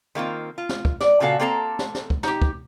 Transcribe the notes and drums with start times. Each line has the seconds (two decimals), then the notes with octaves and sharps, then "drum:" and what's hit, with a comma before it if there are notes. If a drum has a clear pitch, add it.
0.15 D#3 A#3 C4 F4
0.58 F4
0.69 drum: snare
0.85 drum: kick
1.01 D5, drum: snare
1.20 A#2 C#3 F#4 A4 F5
1.39 A#3 C4 A4 G#5 A#5
1.79 drum: snare
1.95 drum: snare
2.10 drum: kick
2.23 D#4 G4, drum: snare
2.42 drum: kick